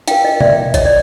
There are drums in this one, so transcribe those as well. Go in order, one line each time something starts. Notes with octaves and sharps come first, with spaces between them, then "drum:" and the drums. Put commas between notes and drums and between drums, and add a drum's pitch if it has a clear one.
D4 F4 A#4 F5 G5, drum: hi-hat
D#5 F5
D5 E5, drum: tom B2
C#5 D#5, drum: kick, hi-hat
D5